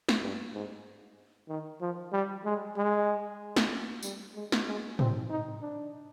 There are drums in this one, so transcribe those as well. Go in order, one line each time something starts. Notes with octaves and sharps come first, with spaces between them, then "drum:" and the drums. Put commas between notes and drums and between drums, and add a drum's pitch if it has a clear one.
drum: snare
G2
G#2
D#3
F3
G3
G#3
G#3
drum: snare
G3, drum: tambourine
G#3
drum: snare
G#3
C4, drum: tom
D#4
D4